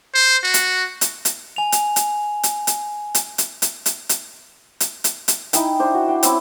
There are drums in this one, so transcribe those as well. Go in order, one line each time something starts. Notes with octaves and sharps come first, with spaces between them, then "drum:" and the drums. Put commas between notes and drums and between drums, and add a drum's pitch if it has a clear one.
C5
F#4
drum: hi-hat
drum: hi-hat
drum: hi-hat
G#5 F7
drum: hi-hat
drum: hi-hat
drum: hi-hat
drum: hi-hat
drum: hi-hat
drum: hi-hat
drum: hi-hat
drum: hi-hat
drum: hi-hat
drum: hi-hat
drum: hi-hat
drum: hi-hat
D#4 E4 G5 G#5, drum: hi-hat
D4 C5
F#4
G5
C4 C#4 E4, drum: hi-hat